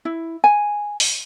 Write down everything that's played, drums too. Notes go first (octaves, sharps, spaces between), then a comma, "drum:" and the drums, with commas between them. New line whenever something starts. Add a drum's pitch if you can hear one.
E4
G#5
drum: open hi-hat